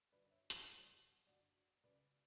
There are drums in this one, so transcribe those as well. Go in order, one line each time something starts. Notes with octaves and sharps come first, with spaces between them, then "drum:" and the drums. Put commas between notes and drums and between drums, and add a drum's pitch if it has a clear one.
G1 F#2 D3 F#3 B4 D5
C#5 E5
A#4 C#5, drum: hi-hat
G1 F#2 C#3 G3 D5 F#5
F#1 F#2 D3 F#3 D5 F#5
C#2 C#3 F#3 B4 D5